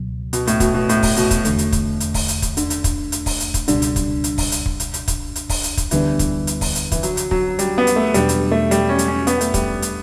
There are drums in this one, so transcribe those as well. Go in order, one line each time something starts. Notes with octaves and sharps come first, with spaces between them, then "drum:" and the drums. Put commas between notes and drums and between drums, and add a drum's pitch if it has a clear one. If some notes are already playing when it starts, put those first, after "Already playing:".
Already playing: C#2 B2 F#3
B2, drum: hi-hat
A2, drum: hi-hat
B2, drum: kick, hi-hat
B2
A2, drum: hi-hat
drum: kick, open hi-hat
B2, drum: hi-hat
drum: kick, hi-hat
E2 D3 A3, drum: hi-hat
drum: hi-hat
drum: kick, hi-hat
drum: hi-hat
drum: kick, open hi-hat
drum: hi-hat
drum: kick, hi-hat
D3, drum: hi-hat
drum: hi-hat
drum: kick, hi-hat
drum: hi-hat
drum: kick, open hi-hat
drum: hi-hat
drum: kick, hi-hat
C#2 B2 D3 G3 D4, drum: hi-hat
drum: hi-hat
drum: kick, hi-hat
drum: hi-hat
drum: kick, open hi-hat
drum: hi-hat
drum: kick
drum: hi-hat
drum: hi-hat
drum: kick, hi-hat
drum: hi-hat
drum: kick, open hi-hat
drum: hi-hat
drum: kick, hi-hat
D2 D3 E3 G3 B3 D4, drum: hi-hat
drum: kick, hi-hat
drum: hi-hat
drum: kick, open hi-hat
drum: hi-hat
E3, drum: kick, hi-hat
F#3, drum: hi-hat
drum: hi-hat
F#3, drum: kick
G3, drum: hi-hat
B3
drum: hi-hat
A3
E2 B2 F#3 G3 B3 D4, drum: hi-hat
drum: hi-hat
A3
G3, drum: hi-hat
C#4
drum: hi-hat
C#4
B3, drum: hi-hat
A3, drum: hi-hat
G3, drum: kick, hi-hat
drum: hi-hat